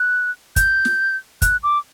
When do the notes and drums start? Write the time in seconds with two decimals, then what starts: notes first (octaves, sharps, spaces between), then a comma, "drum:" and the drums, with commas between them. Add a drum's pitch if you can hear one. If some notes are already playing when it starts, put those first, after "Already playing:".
Already playing: F#6
0.56 G6, drum: kick, hi-hat
0.85 drum: snare
1.42 F#6, drum: kick, hi-hat
1.63 D6